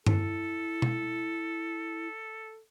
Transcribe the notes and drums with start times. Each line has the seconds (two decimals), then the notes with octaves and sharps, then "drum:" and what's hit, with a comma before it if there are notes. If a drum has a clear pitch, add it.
0.06 E4 A4, drum: tom G2
0.82 drum: tom B2